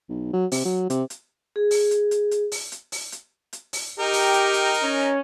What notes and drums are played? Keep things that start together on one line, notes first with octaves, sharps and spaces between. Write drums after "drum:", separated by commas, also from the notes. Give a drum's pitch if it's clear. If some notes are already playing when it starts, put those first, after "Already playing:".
B1
F#3
C3, drum: open hi-hat
F#3
C3, drum: hi-hat
drum: hi-hat
G#4
drum: open hi-hat
drum: hi-hat
drum: hi-hat
drum: hi-hat
drum: open hi-hat
drum: hi-hat
drum: open hi-hat
drum: hi-hat
drum: hi-hat
drum: open hi-hat
D#4 G4 A#4 G5
drum: open hi-hat
drum: hi-hat
drum: hi-hat
drum: hi-hat
C#4